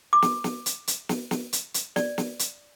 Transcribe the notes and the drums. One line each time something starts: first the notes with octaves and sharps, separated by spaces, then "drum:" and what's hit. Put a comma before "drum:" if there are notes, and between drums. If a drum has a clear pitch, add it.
D6
drum: snare
drum: snare
drum: hi-hat
drum: hi-hat
drum: snare
drum: snare
drum: hi-hat
drum: hi-hat
D5, drum: snare
drum: snare
drum: hi-hat